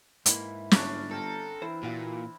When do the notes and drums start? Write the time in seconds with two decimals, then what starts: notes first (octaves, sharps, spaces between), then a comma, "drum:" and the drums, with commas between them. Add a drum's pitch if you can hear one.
0.26 G#2 E3 A#3 E4, drum: hi-hat
0.71 G1 C#4 D4, drum: snare
1.11 C4 A4 F5 A#5
1.62 E3 E4 C5
1.83 A#2 F4 F#4 F5